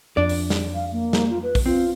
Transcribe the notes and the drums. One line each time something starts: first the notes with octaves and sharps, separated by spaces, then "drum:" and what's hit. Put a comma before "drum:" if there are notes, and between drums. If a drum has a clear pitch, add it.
F2 D4 D5
drum: open hi-hat
drum: snare
F5
A#3
drum: snare
F4
B4
drum: kick A#1, open hi-hat
C4 F4